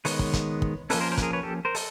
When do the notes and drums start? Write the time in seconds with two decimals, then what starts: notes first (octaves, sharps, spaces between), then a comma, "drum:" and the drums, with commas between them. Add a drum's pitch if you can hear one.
0.05 D#3 G#3 B3 B4 C#5, drum: open hi-hat
0.19 drum: kick
0.34 drum: kick, hi-hat
0.62 drum: kick
0.90 F3 A#3 C#4 A4 B4, drum: open hi-hat
1.00 A#4 C5
1.11 A#4 C5
1.18 B4, drum: kick, hi-hat
1.22 G#4 A#4
1.33 B4 C#5
1.43 G4 A4
1.65 A#4 C5
1.75 A4, drum: open hi-hat